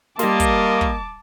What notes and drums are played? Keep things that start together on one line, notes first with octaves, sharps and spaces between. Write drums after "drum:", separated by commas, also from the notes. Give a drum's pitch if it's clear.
G3 A#3 D#5 A5 C6 D6, drum: snare
drum: kick, hi-hat
drum: kick